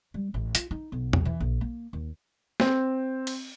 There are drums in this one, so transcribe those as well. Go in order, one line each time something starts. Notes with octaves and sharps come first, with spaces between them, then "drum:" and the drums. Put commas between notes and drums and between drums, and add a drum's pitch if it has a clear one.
G3
A1
F4, drum: hi-hat
D#4
B1
drum: tom E2
E3
A#1
A#3
D#2
C4, drum: snare
drum: cymbal